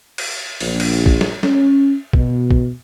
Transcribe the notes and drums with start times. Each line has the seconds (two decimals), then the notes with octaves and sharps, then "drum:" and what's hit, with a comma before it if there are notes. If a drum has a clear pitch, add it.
0.18 drum: cymbal
0.61 A#1, drum: open hi-hat
0.80 drum: cymbal
1.06 drum: kick
1.21 drum: snare
1.43 C#4, drum: snare
2.13 B2, drum: kick
2.51 drum: kick